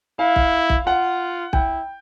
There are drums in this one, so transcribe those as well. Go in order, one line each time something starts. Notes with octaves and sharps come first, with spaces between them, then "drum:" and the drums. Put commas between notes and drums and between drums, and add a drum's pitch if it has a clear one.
E4 F5
drum: kick
drum: kick
F4 F#5
E4 G5, drum: kick